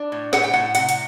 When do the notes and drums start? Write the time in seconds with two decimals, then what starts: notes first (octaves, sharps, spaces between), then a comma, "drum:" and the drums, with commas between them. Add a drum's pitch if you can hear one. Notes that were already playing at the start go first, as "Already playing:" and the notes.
Already playing: D4
0.12 A2
0.33 A2 F#5, drum: snare
0.44 G5
0.53 A2 F#5
0.75 C3 F#5, drum: hi-hat
0.89 drum: hi-hat